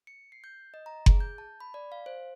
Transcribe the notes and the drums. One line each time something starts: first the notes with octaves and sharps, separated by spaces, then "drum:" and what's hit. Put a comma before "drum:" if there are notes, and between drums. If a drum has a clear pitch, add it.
C#7
C7
G6
D#5
A#5
G#4, drum: kick F#1
G6
A5
B5
D5
F5
C5